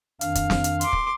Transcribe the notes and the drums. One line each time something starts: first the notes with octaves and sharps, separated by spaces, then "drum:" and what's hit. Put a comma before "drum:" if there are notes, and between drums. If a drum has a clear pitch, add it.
F2 D#3 D4 F5, drum: hi-hat
drum: kick, hi-hat
drum: snare
drum: hi-hat
C6 D6, drum: hi-hat
drum: kick